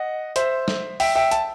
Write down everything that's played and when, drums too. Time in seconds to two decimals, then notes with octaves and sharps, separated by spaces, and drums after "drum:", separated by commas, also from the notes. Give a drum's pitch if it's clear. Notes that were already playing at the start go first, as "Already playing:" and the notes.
Already playing: D#5 F#5
0.36 C5 E5, drum: hi-hat
0.68 drum: snare
1.00 E5 G5, drum: open hi-hat
1.15 E5 G5
1.31 A5, drum: hi-hat